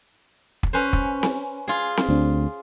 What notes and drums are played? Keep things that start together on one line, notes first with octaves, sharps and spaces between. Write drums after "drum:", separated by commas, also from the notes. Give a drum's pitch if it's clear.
drum: kick
C#4 B4 C5
drum: kick
drum: snare C4
F4 G#4
drum: snare C4
D2 C4 D4